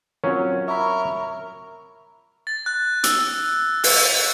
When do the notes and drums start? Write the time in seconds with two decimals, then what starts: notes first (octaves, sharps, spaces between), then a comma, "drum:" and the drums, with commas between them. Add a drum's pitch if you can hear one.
0.24 F#3 C4 C#4 F4 A#4
0.68 A#4 E5 B5 C#6
2.47 A6
2.66 F#6
3.04 E6, drum: hi-hat
3.84 E6, drum: open hi-hat